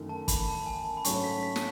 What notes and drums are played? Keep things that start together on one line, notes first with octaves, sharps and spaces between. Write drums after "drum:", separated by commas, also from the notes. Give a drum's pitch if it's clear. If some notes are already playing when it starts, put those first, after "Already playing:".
Already playing: F#2 D#3 A3
A5
B5, drum: kick, hi-hat
A5
G#5
A5
B5
G#2 F#3 A3 C#4 C#6, drum: hi-hat
B6
B6
drum: snare